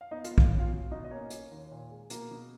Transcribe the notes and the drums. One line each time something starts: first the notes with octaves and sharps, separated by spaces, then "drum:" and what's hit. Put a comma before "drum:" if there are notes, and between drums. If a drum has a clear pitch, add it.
F5
B3 D#4 D#5
F4 F5, drum: hi-hat
B3
F5, drum: kick A#1
C#4
F4 F5
B2
B2 D#4 D#5
D#5
A#3 C#4 C#5
A#3, drum: hi-hat
D#2
A#2
G#3
B2 A#3 A#4, drum: hi-hat
B2